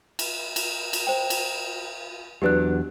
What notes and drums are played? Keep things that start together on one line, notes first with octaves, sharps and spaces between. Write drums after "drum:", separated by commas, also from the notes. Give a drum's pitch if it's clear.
drum: cymbal
drum: cymbal
drum: cymbal
C5 G5
drum: cymbal
E2 F#3 D4 G4 B4 F#6